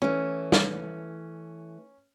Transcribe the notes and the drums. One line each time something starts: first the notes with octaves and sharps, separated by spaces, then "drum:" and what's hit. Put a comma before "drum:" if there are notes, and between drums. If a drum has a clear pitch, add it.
E3 A3 C#4
drum: snare